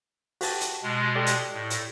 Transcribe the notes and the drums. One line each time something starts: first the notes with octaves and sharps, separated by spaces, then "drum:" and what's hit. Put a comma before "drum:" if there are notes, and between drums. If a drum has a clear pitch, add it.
F#4 G4 A5, drum: open hi-hat
drum: hi-hat
B2 G#3
G4 A4 D5
drum: hi-hat
A2
drum: hi-hat